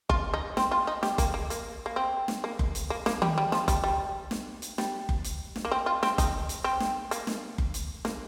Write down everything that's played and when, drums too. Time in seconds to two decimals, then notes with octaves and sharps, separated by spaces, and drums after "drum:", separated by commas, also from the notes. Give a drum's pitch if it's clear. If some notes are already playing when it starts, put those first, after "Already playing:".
0.10 F4, drum: kick F#1
0.34 D#4
0.57 C4, drum: snare
0.71 F4
0.87 D#4
1.03 G4, drum: snare
1.18 A#3, drum: kick F#1, hi-hat
1.34 A#3
1.50 A#3, drum: hi-hat
1.86 A#3
1.96 C4
2.28 drum: snare
2.44 A#3
2.59 drum: kick F#1
2.75 drum: hi-hat
2.90 A#3
3.06 A#3, drum: snare
3.22 G3, drum: tom D#3
3.38 G3
3.52 F3, drum: snare
3.68 G3, drum: kick F#1, hi-hat
3.84 G3
4.31 drum: snare
4.62 drum: hi-hat
4.78 G3, drum: snare
5.09 drum: kick F#1
5.24 drum: hi-hat
5.56 drum: snare
5.65 A#3
5.72 C4
5.86 F4
6.03 C4, drum: snare
6.18 D#4, drum: kick F#1, hi-hat
6.49 drum: hi-hat
6.64 C4
6.80 drum: snare
7.11 A#3, drum: hi-hat
7.27 drum: snare
7.58 drum: kick F#1
7.74 drum: hi-hat
8.05 A#3, drum: snare